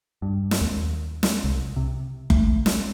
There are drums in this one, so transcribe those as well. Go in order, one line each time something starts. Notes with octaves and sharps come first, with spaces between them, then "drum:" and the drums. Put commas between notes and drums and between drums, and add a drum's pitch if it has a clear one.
G2
drum: snare
D#2
drum: snare
C2
C3
A3, drum: kick F#1
drum: snare